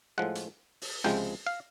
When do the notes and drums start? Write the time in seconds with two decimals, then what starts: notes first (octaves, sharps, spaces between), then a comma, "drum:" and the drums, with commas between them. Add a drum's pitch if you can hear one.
0.18 A2 F3 G#3 F#5
0.35 drum: hi-hat
0.82 drum: open hi-hat
1.04 C#2 C3 F3 G#3 G5
1.47 F5